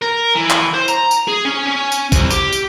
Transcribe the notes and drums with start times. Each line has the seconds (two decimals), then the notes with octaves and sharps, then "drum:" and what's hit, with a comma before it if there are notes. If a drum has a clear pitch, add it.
0.02 A#4
0.35 E3
0.50 drum: clap
0.74 C5
0.88 A#5, drum: tambourine
1.11 drum: tambourine
1.28 G#4
1.45 C#4
1.67 C#4
1.92 drum: tambourine
2.12 C2, drum: kick, tambourine
2.31 G4, drum: tambourine
2.52 drum: tambourine